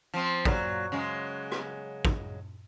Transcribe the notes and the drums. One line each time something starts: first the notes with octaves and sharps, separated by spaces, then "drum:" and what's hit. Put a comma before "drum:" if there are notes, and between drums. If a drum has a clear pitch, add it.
F3 C4
A#2 F#3 A#3, drum: kick
C#3 F#3 G#3
drum: rim click
drum: kick